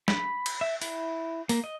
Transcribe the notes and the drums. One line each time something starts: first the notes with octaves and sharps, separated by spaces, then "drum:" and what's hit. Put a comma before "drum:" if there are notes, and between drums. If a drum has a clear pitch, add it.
B5, drum: snare
drum: cymbal
E5
E4, drum: open hi-hat
A#3, drum: open hi-hat
D#5